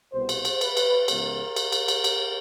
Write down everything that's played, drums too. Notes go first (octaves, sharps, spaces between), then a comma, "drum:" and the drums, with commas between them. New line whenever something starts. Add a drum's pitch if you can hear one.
C2 B2 G3 B3 C5
drum: cymbal
drum: cymbal
B4, drum: cymbal
drum: cymbal
C#2 C#3 F3 G#3 B3 A#4, drum: cymbal
drum: cymbal
drum: cymbal
drum: cymbal
drum: cymbal